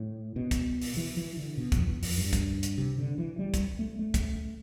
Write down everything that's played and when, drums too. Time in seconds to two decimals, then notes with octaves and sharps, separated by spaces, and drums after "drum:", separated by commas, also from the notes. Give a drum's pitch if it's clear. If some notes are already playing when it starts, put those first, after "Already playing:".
Already playing: A2
0.36 B2
0.51 drum: kick, hi-hat
0.81 drum: open hi-hat
0.97 E3
1.17 E3
1.37 D3
1.57 B2
1.72 F2, drum: kick, hi-hat
1.88 E2
2.03 F2, drum: open hi-hat
2.18 G2
2.33 drum: kick, hi-hat
2.63 drum: hi-hat
2.78 C3
2.98 D3
3.18 E3
3.39 G3
3.54 drum: kick, hi-hat
3.79 A3
3.99 A3
4.14 drum: kick, hi-hat